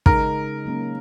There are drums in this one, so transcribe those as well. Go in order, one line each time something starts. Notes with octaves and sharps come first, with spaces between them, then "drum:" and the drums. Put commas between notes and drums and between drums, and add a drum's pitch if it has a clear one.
C#3 G#3 D#4 G#4 A#4, drum: kick
F#3 A#3 C#4